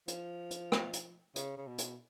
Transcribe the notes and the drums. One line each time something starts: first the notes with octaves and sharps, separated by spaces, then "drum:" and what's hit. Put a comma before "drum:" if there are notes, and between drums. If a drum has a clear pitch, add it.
F3, drum: hi-hat
drum: hi-hat
drum: rim click
drum: hi-hat
C#3, drum: hi-hat
C#3
B2
drum: hi-hat